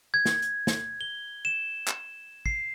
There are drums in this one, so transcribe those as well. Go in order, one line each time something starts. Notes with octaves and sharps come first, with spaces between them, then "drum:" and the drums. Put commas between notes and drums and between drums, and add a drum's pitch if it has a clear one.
G#6
drum: snare
drum: hi-hat
drum: snare
G7
E7
drum: clap
C7, drum: kick